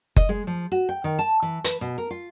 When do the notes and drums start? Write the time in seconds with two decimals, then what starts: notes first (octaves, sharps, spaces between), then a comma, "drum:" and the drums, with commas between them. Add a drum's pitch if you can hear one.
0.16 D#5, drum: kick F#1
0.29 G#3
0.47 F3
0.72 F#4
0.89 G5
1.04 D#3
1.19 A5
1.42 E3
1.64 B4, drum: hi-hat
1.81 B2
1.98 A#4
2.11 F4